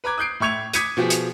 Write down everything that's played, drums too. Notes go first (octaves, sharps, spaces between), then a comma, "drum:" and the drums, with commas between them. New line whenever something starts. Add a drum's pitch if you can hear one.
B4 A#5 D6 G#6
D#6 F#6 G6 C7 D7
A2 E5 C#6 G#6 F7
D6 D#6 G#6 B6 C#7 D#7, drum: hi-hat
B2 F3 G4 G#4
drum: hi-hat